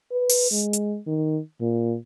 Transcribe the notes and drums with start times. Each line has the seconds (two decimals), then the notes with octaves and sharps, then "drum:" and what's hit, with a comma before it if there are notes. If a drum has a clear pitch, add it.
0.11 B4
0.29 drum: open hi-hat
0.51 G#3
0.73 drum: hi-hat
1.07 D#3
1.61 A#2